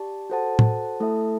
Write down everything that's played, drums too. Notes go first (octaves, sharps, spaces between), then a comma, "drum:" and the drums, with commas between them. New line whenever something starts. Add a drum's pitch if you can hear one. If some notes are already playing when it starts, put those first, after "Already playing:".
Already playing: G4 D5 A5
F#4 A4 C5 F#5 A5
drum: tom A2
A3 E4 A4 E5 A5